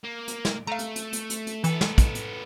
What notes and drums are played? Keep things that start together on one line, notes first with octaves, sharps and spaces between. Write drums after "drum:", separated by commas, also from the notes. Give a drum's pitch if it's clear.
A#3
drum: hi-hat
drum: snare
A3 F5 A#5
drum: hi-hat
drum: hi-hat
drum: hi-hat
drum: hi-hat
drum: hi-hat
E3 B3 A4, drum: hi-hat
drum: snare
drum: kick, hi-hat
drum: hi-hat